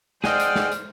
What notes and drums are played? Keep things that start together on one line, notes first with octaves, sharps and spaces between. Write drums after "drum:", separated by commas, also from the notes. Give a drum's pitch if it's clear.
G#4 C5 D5 D#5 F#5 G5 F6, drum: snare
drum: hi-hat
drum: snare
drum: hi-hat